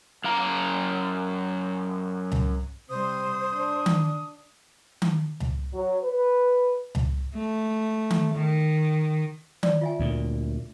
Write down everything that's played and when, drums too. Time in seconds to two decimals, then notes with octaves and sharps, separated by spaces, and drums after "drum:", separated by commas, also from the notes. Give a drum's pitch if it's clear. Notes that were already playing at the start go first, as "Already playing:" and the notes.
0.24 F#2 F5 A#5
2.32 drum: tom C#2
2.89 C3 G3 C5 D#6
3.53 D4
3.86 drum: tom D#3
5.02 drum: tom D#3
5.40 drum: tom C#2
5.74 F#3
6.03 B4
6.95 drum: tom C#2
7.36 A3
8.11 drum: tom D#3
8.34 D#3
9.63 C#5 D5, drum: tom D#3
9.81 F4 E5 G#5
9.99 D2 A#2